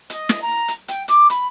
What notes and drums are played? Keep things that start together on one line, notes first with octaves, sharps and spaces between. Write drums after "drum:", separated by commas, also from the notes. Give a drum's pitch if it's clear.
D#5, drum: hi-hat
drum: snare
A#5
drum: hi-hat
G5, drum: hi-hat
D6, drum: hi-hat
B5, drum: hi-hat